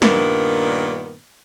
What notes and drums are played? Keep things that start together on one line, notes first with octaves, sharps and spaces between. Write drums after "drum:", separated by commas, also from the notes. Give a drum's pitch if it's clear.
G2 A#2 D#3 A#3 B3 D4, drum: snare